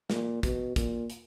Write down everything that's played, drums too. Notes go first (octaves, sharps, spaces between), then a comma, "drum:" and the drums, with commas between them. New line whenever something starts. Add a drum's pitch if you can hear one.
A#2, drum: snare
B2, drum: kick, hi-hat
A#2, drum: kick, hi-hat
drum: hi-hat